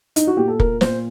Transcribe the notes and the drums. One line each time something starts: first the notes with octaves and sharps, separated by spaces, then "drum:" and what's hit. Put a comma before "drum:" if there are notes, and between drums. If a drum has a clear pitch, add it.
D#4, drum: hi-hat
F#4
A#2 G4
A4
A#4, drum: kick
A#2 C5, drum: snare